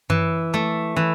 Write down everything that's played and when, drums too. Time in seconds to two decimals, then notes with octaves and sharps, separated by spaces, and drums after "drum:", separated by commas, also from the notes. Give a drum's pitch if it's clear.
0.10 E3, drum: tom F#2
0.54 A3
0.96 E3